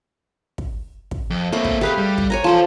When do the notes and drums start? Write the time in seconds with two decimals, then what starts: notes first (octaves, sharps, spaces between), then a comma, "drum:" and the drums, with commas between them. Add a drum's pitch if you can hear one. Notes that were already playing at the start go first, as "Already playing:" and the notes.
0.58 drum: kick
1.11 drum: kick
1.30 F2
1.52 A3 A#3 C4 B5
1.65 drum: kick
1.81 D#2 G4 G#4 B4 F5
1.98 G3
2.18 drum: kick
2.30 C#5 G#5 A#5
2.44 E3 F3 A4 C5 A5